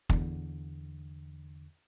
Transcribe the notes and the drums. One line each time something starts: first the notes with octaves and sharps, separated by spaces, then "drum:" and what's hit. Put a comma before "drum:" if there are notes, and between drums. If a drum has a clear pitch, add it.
E2 D3, drum: kick